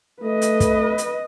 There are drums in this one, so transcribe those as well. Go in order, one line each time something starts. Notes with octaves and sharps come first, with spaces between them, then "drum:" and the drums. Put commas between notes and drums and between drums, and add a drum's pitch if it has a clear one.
A3 B4 D#5
drum: hi-hat
drum: kick, hi-hat
drum: hi-hat